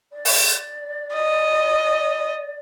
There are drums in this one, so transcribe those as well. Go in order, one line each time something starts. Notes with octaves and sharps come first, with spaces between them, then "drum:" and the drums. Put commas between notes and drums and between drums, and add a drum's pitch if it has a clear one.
D5
drum: open hi-hat
D#5